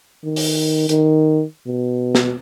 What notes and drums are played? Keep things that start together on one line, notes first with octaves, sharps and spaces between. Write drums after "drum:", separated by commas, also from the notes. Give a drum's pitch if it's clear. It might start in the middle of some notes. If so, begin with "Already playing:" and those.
D#3
drum: open hi-hat
D#3, drum: hi-hat
B2
drum: snare